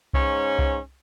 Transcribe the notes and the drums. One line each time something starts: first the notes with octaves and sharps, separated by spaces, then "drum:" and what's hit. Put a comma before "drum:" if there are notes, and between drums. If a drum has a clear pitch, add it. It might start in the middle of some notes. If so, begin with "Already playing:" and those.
G#2 C#4, drum: kick C2
drum: kick C2